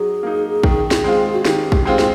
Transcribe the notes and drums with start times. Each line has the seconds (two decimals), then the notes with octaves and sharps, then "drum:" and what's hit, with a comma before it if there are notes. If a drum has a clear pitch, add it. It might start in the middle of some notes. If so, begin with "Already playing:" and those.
Already playing: F#3 D#4 G#4
0.23 A#3 D#4
0.63 D#3, drum: kick
0.91 drum: snare
1.04 G#3 C4 F4
1.33 F#4
1.45 D#3 G4, drum: snare
1.72 drum: kick
1.85 G#3 C4 F4
1.99 drum: snare